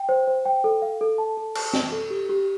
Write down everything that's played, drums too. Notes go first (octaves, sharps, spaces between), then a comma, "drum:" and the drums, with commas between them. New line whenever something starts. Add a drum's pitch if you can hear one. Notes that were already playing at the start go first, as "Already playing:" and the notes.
Already playing: G5
C5
C5
G5
A4
F5
A4
A5
A4
A5, drum: cymbal
D5, drum: snare C4
A4
G4
G4